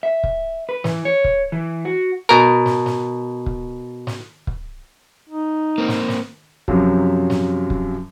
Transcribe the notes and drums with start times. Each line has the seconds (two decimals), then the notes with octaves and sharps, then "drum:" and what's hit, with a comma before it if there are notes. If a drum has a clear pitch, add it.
0.03 E5
0.24 drum: kick
0.69 B4
0.84 E3, drum: snare
1.05 C#5
1.24 drum: kick
1.52 E3
1.85 F#4
2.29 B2 A#4
2.66 drum: snare
2.86 drum: snare
3.46 drum: kick
4.07 drum: snare
4.47 drum: kick
5.29 D#4
5.78 A#3 C4
5.89 drum: snare
6.09 drum: snare
6.68 F#2 C3 F3 F#3, drum: kick
7.30 drum: snare
7.70 drum: kick